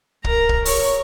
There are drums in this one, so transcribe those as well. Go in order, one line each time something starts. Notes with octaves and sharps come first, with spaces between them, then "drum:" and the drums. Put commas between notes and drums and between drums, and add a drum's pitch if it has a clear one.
A#4 A#5, drum: kick
drum: kick
C#5, drum: open hi-hat